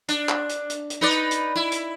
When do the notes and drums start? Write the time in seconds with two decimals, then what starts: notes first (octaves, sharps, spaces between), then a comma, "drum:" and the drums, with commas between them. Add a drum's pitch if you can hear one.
0.09 D4, drum: hi-hat
0.29 drum: clap
0.49 drum: hi-hat
0.70 drum: hi-hat
0.90 drum: hi-hat
1.01 D#4 B4 D5
1.11 drum: hi-hat
1.31 drum: hi-hat
1.56 E4
1.72 drum: hi-hat